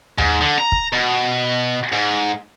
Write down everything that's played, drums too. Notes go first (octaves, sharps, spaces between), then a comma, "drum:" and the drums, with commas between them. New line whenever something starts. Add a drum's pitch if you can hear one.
G#2, drum: tom D#2
D3
A#5
drum: kick
B2
G#2